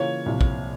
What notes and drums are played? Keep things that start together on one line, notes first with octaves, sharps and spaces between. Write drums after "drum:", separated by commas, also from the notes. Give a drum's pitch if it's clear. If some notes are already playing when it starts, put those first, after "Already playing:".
Already playing: C#3 E3 A#3 F4 C#5
C2 A#2 F3
drum: kick